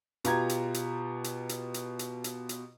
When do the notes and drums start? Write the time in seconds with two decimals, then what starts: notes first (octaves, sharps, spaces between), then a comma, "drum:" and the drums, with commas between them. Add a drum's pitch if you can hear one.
0.24 B2 F4 G4 A#5 G#6, drum: hi-hat
0.49 drum: hi-hat
0.74 drum: hi-hat
1.24 drum: hi-hat
1.49 drum: hi-hat
1.74 drum: hi-hat
1.99 drum: hi-hat
2.24 drum: hi-hat
2.49 drum: hi-hat